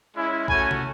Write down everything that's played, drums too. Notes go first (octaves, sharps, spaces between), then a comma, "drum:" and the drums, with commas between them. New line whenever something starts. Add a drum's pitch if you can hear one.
G#3 C#4 E4
A3 C#4 F#4 G#5, drum: kick A#1
drum: tom